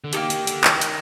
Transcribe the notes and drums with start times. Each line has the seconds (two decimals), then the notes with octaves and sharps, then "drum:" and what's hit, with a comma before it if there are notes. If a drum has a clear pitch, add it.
0.04 D3
0.13 D#3 A#3 D#4 G4, drum: hi-hat
0.30 D#3, drum: hi-hat
0.47 D3, drum: hi-hat
0.64 D#3, drum: clap
0.81 drum: hi-hat